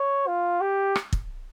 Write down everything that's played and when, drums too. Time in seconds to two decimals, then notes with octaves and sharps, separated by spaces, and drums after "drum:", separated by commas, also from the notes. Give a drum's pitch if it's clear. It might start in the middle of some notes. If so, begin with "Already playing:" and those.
Already playing: C#5
0.27 F4
0.61 G4
0.96 drum: rim click
1.13 drum: kick